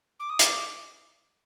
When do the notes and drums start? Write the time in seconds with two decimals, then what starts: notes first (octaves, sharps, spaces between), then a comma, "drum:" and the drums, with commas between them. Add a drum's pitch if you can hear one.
0.19 D6
0.29 D#6
0.39 D6, drum: hi-hat